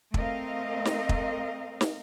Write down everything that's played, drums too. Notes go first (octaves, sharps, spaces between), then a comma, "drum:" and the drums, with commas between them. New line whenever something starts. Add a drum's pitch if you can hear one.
A3 C4 A#4 D#5 F5, drum: kick
drum: snare
drum: kick
drum: snare